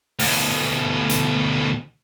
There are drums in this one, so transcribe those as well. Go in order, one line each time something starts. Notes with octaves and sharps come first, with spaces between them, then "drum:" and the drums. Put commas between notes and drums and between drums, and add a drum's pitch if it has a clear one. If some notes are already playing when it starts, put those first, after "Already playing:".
D2 B2, drum: open hi-hat
drum: hi-hat